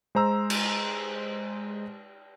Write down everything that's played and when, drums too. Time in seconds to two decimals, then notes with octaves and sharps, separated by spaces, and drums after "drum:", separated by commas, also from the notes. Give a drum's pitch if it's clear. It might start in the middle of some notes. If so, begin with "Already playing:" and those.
0.15 G#3 C5 A#5 E6
0.50 drum: cymbal